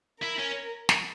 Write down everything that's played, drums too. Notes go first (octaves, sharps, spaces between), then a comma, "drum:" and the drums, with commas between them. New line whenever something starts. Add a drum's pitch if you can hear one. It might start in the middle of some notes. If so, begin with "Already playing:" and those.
E4 A#4
C#4
drum: snare